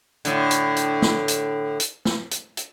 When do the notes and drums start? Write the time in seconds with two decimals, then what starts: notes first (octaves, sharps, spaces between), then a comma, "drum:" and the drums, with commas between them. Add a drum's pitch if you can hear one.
0.25 A2 D3, drum: hi-hat
0.51 drum: hi-hat
0.76 drum: hi-hat
1.02 drum: snare
1.28 drum: hi-hat
1.80 drum: hi-hat
2.05 drum: snare
2.31 drum: hi-hat
2.57 drum: hi-hat